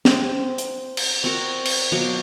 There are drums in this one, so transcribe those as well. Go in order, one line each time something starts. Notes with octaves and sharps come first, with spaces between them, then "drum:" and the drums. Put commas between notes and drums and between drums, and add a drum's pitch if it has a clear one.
C4, drum: snare
drum: hi-hat
drum: cymbal
C4 F#4 A#4
drum: cymbal
B2 F#3 F5 D6